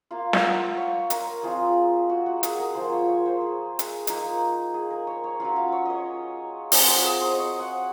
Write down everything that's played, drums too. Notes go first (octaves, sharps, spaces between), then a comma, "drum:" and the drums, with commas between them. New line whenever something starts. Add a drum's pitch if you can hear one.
A#3 F4 F5
F#5, drum: snare
F5
C#5
A#4, drum: hi-hat
F3 G#3 C4 F4 G#4
F#4
F#4
G#4, drum: hi-hat
A#4
F3 A#3 F4 C5
C#5
C#5
C5
G#4
drum: hi-hat
F3 A#3 D#4, drum: hi-hat
G#4
A#4
C#5
C#5
F#3 C#4 F4 F5
F5
C#5
C#5 D#5
F#3 C4 F4 C5, drum: open hi-hat
C5
G#4
C5
D#5
C#5
F#5